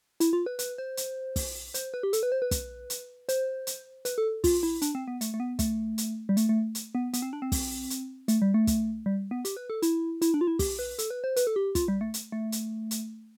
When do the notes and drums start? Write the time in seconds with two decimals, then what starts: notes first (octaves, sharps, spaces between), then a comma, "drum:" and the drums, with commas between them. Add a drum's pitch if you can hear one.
0.20 E4, drum: hi-hat
0.33 F4
0.46 B4
0.59 B4, drum: hi-hat
0.78 C5
0.97 drum: hi-hat
1.36 drum: kick, open hi-hat
1.74 C5, drum: hi-hat
1.94 B4
2.03 G4
2.13 A4, drum: hi-hat
2.23 B4
2.32 C5
2.42 B4
2.51 drum: kick, hi-hat
2.90 drum: hi-hat
3.29 C5, drum: hi-hat
3.67 drum: hi-hat
4.05 B4, drum: hi-hat
4.18 A4
4.44 F4, drum: kick, open hi-hat
4.63 E4
4.82 D4, drum: hi-hat
4.95 C4
5.08 B3
5.21 A3, drum: hi-hat
5.34 A3
5.40 B3
5.59 A3, drum: kick, hi-hat
5.98 drum: hi-hat
6.29 G3
6.37 A3, drum: hi-hat
6.49 A3
6.75 drum: hi-hat
6.95 B3
7.13 B3, drum: hi-hat
7.22 C4
7.33 D4
7.42 C4
7.52 drum: kick, open hi-hat
7.90 drum: hi-hat
8.28 A3, drum: hi-hat
8.42 G3
8.54 A3
8.67 drum: kick, hi-hat
9.06 G3
9.31 B3
9.45 G4, drum: hi-hat
9.57 B4
9.70 A4
9.82 E4, drum: hi-hat
10.22 E4, drum: hi-hat
10.34 D4
10.41 F4
10.47 E4
10.59 G4, drum: kick, open hi-hat
10.79 B4
10.99 A4, drum: hi-hat
11.10 B4
11.24 C5
11.36 B4, drum: hi-hat
11.47 A4
11.56 G4
11.75 F4, drum: kick, hi-hat
11.88 G3
12.01 A3
12.14 drum: hi-hat
12.32 A3
12.52 drum: hi-hat
12.91 drum: hi-hat